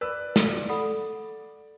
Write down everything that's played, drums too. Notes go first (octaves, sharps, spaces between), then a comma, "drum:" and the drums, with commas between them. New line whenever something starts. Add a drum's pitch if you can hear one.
B4 D5 E6
drum: snare
D5
A4 F#5 B5